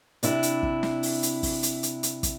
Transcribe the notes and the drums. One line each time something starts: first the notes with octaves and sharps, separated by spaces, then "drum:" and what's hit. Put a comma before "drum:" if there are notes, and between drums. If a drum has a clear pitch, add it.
C3 D4 E4, drum: hi-hat
drum: hi-hat
drum: kick
drum: snare
drum: open hi-hat
drum: hi-hat
drum: kick, open hi-hat
drum: hi-hat
drum: hi-hat
drum: hi-hat
drum: kick, hi-hat